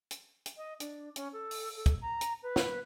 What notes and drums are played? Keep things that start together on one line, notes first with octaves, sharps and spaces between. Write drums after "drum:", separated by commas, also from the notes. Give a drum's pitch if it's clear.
drum: hi-hat
drum: hi-hat
D#5
D4, drum: hi-hat
C#4, drum: hi-hat
A4
drum: open hi-hat
A4
drum: kick, hi-hat
A#5
drum: hi-hat
B4
drum: snare